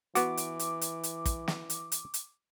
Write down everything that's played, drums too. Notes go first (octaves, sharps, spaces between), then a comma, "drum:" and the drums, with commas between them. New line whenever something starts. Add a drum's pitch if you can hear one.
E3 B3 F#4 D6, drum: hi-hat
drum: hi-hat
drum: hi-hat
drum: hi-hat
drum: hi-hat
drum: kick, hi-hat
drum: snare
drum: hi-hat
drum: hi-hat
drum: hi-hat